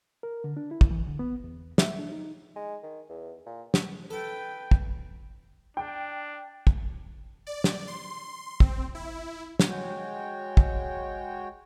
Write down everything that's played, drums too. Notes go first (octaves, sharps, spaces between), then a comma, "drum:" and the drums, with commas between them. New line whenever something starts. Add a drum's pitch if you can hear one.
A#4
D3
D4
E4
drum: kick
E3
D3
B3
E2
E5, drum: snare
D4
D#4
G#3
D#3
E2
A#2
drum: snare
A4 B4 G5
drum: kick
D4 G5
drum: kick
D5
drum: snare
C6
C4, drum: kick
E4
drum: snare
G#3 F#4 C#5 G5
drum: kick